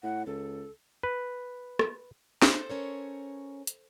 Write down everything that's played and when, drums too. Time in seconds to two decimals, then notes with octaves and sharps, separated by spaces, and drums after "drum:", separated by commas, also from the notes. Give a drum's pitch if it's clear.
0.03 A2 F#5
0.26 C#2 A4
1.03 B4
1.79 drum: rim click
2.42 A4 C5, drum: snare
2.70 C#4 A#4 C#5
3.67 drum: hi-hat